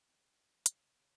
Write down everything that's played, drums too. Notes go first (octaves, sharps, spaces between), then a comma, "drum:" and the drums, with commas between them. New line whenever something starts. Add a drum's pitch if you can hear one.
C4
C#3, drum: hi-hat
C#3